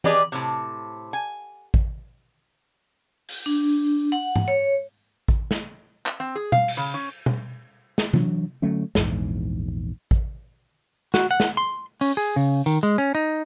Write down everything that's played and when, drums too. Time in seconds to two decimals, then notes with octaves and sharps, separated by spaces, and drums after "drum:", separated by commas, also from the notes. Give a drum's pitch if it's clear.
0.04 G4 G#4 B4 D5 D#5 G5, drum: tom
0.32 A2 C3, drum: tambourine
1.13 G#5
1.74 drum: kick A1
3.29 drum: open hi-hat
3.46 D4
4.12 F#5
4.36 drum: tom G#2
4.48 C#5
5.28 drum: kick A1
5.51 drum: snare
6.06 drum: clap
6.20 C4
6.35 G#4
6.52 F5, drum: tom B2
6.68 drum: cymbal
6.77 C#3
6.94 C#4
7.26 drum: tom B2
7.98 drum: snare
8.13 E3 F#3 D4, drum: tom C3
8.62 D3 F#3 A3 C#4
8.95 A#1 E2 G#2, drum: snare
10.11 drum: kick A1
11.14 F#4, drum: snare
11.31 F#5
11.40 drum: snare
11.57 C6
12.01 C#4, drum: open hi-hat
12.17 G#4
12.36 C#3
12.66 D#3, drum: tambourine
12.83 G#3
12.98 C#4
13.15 D#4